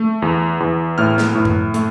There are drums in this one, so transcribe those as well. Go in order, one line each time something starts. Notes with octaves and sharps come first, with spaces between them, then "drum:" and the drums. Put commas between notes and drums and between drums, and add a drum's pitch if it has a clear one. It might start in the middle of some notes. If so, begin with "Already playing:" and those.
Already playing: A3
E2
E2
A2 F6
drum: snare
A2
drum: tom F#2
A3, drum: hi-hat